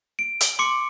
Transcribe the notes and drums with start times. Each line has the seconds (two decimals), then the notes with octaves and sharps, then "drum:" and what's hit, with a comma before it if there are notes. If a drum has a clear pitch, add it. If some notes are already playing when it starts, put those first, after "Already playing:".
0.19 D7
0.40 drum: hi-hat
0.59 C6 D6 C#7